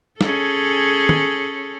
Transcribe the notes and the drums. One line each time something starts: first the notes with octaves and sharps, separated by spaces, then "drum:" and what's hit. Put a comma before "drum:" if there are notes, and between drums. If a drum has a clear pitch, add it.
C#4 G#4 A4, drum: snare
drum: tom